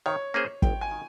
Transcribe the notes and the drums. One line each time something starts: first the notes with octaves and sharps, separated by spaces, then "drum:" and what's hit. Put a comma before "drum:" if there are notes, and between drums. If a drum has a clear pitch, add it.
D#3 C#5
A#3 C#4 G#4 C5
G1 G5, drum: kick
G#5
D#3